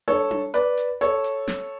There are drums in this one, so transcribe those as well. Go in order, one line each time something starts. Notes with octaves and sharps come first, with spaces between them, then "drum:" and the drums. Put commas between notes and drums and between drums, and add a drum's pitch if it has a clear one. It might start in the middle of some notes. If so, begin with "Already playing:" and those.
A4 C#5, drum: tom D4
drum: tom D4
B4 D5, drum: hi-hat
drum: hi-hat
A4 C#5, drum: hi-hat
drum: hi-hat
drum: snare